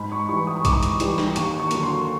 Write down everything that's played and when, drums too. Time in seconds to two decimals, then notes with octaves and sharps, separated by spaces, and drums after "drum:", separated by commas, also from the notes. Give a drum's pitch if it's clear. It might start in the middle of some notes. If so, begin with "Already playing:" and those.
Already playing: G#2 B5
0.12 C#6
0.29 E3 G3 C#6
0.47 D#6
0.57 C#6
0.65 G#2 D6, drum: kick B1, hi-hat
0.83 drum: hi-hat
1.00 E3 G3, drum: hi-hat
1.18 drum: snare
1.36 D#2 C#6, drum: hi-hat
1.60 C#6
1.71 D3 F#3 A#3, drum: hi-hat
1.83 C6